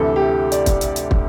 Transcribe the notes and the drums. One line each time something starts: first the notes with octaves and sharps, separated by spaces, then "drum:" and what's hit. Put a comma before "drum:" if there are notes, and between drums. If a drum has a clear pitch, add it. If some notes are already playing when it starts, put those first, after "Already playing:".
Already playing: D2 C3 E3 A4
G4
A4
D5, drum: hi-hat
drum: kick, hi-hat
drum: hi-hat
drum: hi-hat
drum: kick